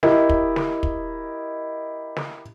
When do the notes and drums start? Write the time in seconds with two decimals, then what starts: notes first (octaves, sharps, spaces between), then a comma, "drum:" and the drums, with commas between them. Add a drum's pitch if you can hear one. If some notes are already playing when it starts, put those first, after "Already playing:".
0.03 E4 G4 A#4 D#5, drum: snare
0.29 drum: kick
0.56 drum: snare
0.83 drum: kick
2.16 drum: snare